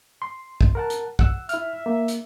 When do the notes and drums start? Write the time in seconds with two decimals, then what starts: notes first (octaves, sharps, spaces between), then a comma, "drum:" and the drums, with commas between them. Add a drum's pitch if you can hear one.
0.22 C6
0.61 drum: kick
0.75 A#4 F#5 A5
0.90 drum: hi-hat
1.19 F#5 E6, drum: kick
1.49 E4 E5 F6, drum: hi-hat
1.86 A#3
2.08 drum: hi-hat